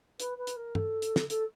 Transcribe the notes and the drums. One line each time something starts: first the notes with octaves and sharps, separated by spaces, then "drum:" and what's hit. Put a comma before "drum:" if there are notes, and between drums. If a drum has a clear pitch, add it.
B4, drum: hi-hat
B4
drum: hi-hat
A#4
A4, drum: tom
drum: hi-hat
drum: snare
A4, drum: hi-hat